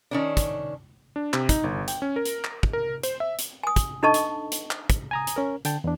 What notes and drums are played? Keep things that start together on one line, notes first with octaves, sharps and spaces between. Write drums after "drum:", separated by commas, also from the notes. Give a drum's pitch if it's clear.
D#3 C#4 D4
drum: kick, hi-hat
D4
C3, drum: clap
D#4, drum: kick, hi-hat
G1
G5, drum: hi-hat
C#4
A#4
drum: hi-hat
drum: clap
drum: kick
A#4
C5, drum: hi-hat
E5
drum: hi-hat
G#5 D#6
drum: kick, hi-hat
D4 D#4 A4 D#5 A5 C#6
drum: hi-hat
drum: hi-hat
drum: clap
drum: kick, hi-hat
G#5 A#5 D#6
drum: hi-hat
C#4 A#4
D3 G5 A5, drum: hi-hat
E2 D4